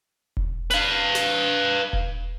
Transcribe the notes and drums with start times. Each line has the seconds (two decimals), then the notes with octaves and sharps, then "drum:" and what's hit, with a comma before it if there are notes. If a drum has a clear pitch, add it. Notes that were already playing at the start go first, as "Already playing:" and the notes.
0.37 drum: kick E1
0.70 B4 F5, drum: hi-hat
1.15 drum: snare
1.93 drum: kick E1